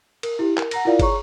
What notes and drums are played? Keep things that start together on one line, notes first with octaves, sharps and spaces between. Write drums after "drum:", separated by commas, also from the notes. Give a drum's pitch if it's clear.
A#4, drum: cymbal
E4 G4
A#4, drum: clap
F#5 A#5 A#6, drum: cymbal
E4 F4 A#4 D5 F5
G#4 C#5 A#5 C#6, drum: kick, cymbal